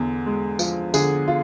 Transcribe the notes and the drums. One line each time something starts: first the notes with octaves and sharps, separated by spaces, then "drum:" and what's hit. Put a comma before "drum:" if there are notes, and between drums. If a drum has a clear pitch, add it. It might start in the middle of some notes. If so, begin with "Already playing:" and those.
Already playing: E2 D3
G#3
F3, drum: tambourine
D3 G#4, drum: tambourine
F4